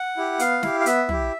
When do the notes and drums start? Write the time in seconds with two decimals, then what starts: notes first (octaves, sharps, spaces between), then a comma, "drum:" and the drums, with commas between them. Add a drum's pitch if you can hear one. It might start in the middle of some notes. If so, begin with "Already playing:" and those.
Already playing: F#5
0.17 E4 G4
0.39 B3 F5, drum: hi-hat
0.63 E4 G4, drum: snare
0.80 F5
0.86 B3 E5, drum: hi-hat
1.09 E4 G4, drum: tom